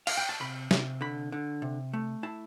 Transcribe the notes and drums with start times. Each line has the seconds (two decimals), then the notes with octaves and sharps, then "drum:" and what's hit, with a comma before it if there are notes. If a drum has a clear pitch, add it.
0.07 F5, drum: cymbal
0.17 G5
0.29 A5
0.40 C3 B5
0.71 C3, drum: snare
1.01 D3 B5
1.32 D3
1.62 C3
1.93 A3
2.23 E4 A5